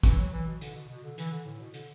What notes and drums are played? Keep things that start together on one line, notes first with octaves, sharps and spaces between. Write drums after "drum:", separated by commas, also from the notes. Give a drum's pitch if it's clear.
E3, drum: kick G#1, hi-hat
F#3
E3
B2
D3, drum: hi-hat
B2
B2
D3
E3, drum: hi-hat
D3
A2
B2
D3, drum: hi-hat